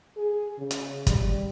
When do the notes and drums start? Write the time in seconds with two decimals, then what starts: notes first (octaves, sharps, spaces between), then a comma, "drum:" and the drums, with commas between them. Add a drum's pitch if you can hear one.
0.17 G#4
0.58 C#3
0.71 drum: hi-hat
1.07 G3, drum: kick, hi-hat